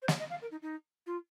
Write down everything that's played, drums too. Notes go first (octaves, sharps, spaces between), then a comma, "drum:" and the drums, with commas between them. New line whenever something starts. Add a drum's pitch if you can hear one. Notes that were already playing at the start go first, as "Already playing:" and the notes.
C5
C#5, drum: snare
D#5
F5
A#4
D#4
D#4
F4